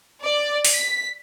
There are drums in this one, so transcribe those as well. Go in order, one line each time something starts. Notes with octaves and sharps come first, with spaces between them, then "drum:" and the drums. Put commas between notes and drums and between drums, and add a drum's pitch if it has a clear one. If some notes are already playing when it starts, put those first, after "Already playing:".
D5
drum: open hi-hat
B6